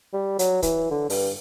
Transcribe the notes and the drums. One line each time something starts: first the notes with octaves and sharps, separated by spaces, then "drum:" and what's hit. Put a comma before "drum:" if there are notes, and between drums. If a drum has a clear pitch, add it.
G3
F#3, drum: hi-hat
E3, drum: kick C#1, hi-hat
D3
G2, drum: open hi-hat